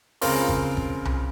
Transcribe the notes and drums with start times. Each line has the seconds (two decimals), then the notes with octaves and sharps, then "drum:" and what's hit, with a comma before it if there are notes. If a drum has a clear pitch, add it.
0.22 C#2 C#3 C4 F4 A#4 C6, drum: open hi-hat
0.48 drum: kick G1
0.77 drum: kick G1
1.05 drum: tom C2